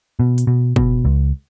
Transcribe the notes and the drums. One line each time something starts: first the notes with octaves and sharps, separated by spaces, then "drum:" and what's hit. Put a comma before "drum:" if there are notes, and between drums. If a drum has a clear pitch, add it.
B2
drum: hi-hat
B2
B2, drum: kick
C#2